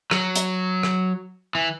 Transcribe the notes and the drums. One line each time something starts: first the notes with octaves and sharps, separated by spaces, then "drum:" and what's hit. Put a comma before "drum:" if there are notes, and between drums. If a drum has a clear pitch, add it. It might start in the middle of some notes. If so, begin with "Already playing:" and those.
F#3, drum: rim click
drum: hi-hat
drum: rim click
E3